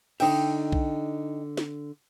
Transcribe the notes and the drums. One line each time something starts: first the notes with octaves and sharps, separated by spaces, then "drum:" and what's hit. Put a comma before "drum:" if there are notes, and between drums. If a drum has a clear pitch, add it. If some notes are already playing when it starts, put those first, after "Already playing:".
D3 D#4 E5 G5, drum: cymbal
drum: kick B1
drum: snare